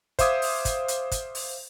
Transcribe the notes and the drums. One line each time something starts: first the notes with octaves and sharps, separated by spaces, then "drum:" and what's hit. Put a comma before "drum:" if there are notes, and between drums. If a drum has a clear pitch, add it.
C5 E5 F5 D6 D#6 G#6, drum: kick, hi-hat
drum: open hi-hat
drum: kick, hi-hat
drum: hi-hat
drum: kick, hi-hat
drum: open hi-hat